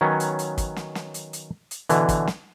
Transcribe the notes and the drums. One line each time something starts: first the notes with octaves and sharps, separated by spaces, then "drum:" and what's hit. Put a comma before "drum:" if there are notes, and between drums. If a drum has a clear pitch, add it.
D#3 F#3 B3 C#4
drum: hi-hat
drum: hi-hat
drum: kick, hi-hat
drum: snare
drum: snare
drum: hi-hat
drum: hi-hat
drum: hi-hat
B2 D3 E3, drum: hi-hat
drum: kick, hi-hat
drum: snare